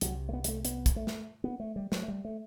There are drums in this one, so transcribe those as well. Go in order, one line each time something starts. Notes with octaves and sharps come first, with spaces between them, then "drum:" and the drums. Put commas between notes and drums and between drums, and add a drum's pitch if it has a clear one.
C2 C3 F#3, drum: hi-hat
A3
B3
G3, drum: hi-hat
A3
B3, drum: hi-hat
drum: kick, hi-hat
A3
drum: snare
B3
A3
G3
F#3, drum: snare
A3
G3
A3